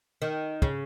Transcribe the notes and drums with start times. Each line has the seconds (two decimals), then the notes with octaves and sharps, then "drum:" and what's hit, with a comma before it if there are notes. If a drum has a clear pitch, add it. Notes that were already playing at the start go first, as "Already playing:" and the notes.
0.22 D#3
0.62 C#3, drum: kick